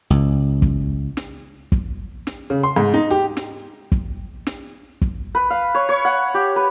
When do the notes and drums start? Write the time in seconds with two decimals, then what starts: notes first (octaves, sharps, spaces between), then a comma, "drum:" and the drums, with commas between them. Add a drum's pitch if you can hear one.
0.10 C#2
0.62 drum: kick
1.17 drum: snare
1.72 drum: kick
2.27 drum: snare
2.50 C#3
2.63 C6
2.76 G#2
2.94 D#4
3.11 G4
3.37 drum: snare
3.92 drum: kick
4.47 drum: snare
5.02 drum: kick
5.35 B4
5.50 F5
5.75 C#5
5.89 C#5
6.05 F#5
6.34 G4
6.56 B4